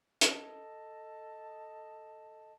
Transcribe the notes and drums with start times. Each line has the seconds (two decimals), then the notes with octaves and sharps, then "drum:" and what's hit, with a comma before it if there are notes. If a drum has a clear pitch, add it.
0.21 A4 D#5 A5, drum: hi-hat